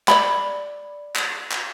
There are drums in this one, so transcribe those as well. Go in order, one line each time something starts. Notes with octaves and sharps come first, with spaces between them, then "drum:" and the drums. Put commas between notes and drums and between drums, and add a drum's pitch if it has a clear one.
D5 B5, drum: clap
drum: clap
drum: clap